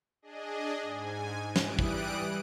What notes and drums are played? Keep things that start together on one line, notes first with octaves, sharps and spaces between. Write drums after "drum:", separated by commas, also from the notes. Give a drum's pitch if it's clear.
D4 G#4 D#5
G#2 G#5
E3 G3 D#6 F#6 D7, drum: snare
drum: kick